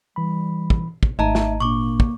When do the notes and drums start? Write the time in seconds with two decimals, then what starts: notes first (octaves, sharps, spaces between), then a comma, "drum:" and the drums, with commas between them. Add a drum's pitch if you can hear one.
0.16 E3 G3 B5
0.70 drum: kick
1.03 drum: kick
1.19 G#1 A3 D#4 D#5 E5 A5 A#5
1.35 drum: snare
1.60 A#2 A#3 D4 C#6 D6
2.00 drum: kick